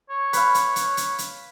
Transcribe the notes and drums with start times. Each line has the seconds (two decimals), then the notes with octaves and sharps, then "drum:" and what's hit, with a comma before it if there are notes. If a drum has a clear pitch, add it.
0.10 C#5
0.33 B4 F5, drum: hi-hat
0.54 drum: hi-hat
0.76 drum: hi-hat
0.97 drum: hi-hat
1.18 drum: hi-hat